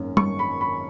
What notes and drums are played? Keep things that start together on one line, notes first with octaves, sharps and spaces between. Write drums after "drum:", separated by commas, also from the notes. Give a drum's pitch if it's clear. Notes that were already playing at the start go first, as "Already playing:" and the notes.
Already playing: G#1 F#2 D#3 A#3 C#4
C#6, drum: tom G3
B5
B5